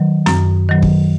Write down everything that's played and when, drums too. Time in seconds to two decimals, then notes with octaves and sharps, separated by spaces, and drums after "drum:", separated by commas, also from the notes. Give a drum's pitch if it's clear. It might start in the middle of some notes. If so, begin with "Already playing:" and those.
Already playing: D#3 F#3
0.26 F#2, drum: snare
0.69 D#3 F#3
0.83 drum: kick